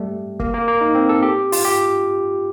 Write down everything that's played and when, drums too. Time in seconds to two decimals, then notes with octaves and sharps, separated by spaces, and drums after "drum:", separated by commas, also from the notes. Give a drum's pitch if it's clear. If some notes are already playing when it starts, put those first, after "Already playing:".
Already playing: G3 A3
0.40 A#3, drum: kick
0.54 A#3
0.68 A#3
0.81 D#4
0.95 C4
1.09 A4
1.23 G4
1.52 F4, drum: open hi-hat
1.65 G4